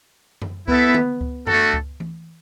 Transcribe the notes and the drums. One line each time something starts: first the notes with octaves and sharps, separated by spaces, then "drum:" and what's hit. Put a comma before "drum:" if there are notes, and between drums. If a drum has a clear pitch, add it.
drum: tom F#2
B3 E4 A4 E5, drum: kick C#2
drum: tom D3
drum: kick C#2
A3 D4 F#4 A4, drum: tom F#2
drum: kick C#2
drum: tom E3